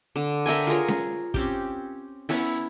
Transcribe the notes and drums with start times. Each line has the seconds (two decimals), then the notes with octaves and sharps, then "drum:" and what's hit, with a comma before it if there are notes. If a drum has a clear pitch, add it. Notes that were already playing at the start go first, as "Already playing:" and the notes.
0.16 D3, drum: hi-hat
0.46 A#4 E5 G5 G#5, drum: open hi-hat
0.67 F4 G#4 A#4 C#5
0.88 drum: snare C#4
1.34 C4 C#4 G4, drum: kick
2.29 B3 C#4 E4, drum: open hi-hat